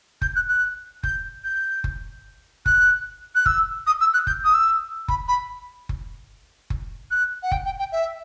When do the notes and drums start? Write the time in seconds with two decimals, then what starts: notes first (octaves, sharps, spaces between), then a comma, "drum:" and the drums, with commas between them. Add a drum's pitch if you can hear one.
0.22 G6, drum: kick F#1
0.35 F#6
0.48 F#6
1.03 G6, drum: kick F#1
1.44 G6
1.84 drum: kick F#1
2.66 F#6, drum: kick F#1
3.35 F#6
3.46 E6, drum: kick F#1
3.87 D#6
4.01 E6
4.14 F#6
4.27 G6, drum: kick F#1
4.44 D#6
4.54 E6
5.08 B5, drum: kick F#1
5.28 B5
5.89 drum: kick F#1
6.70 drum: kick F#1
7.11 F#6
7.43 F#5
7.52 G5, drum: kick F#1
7.65 G5
7.79 G5
7.92 E5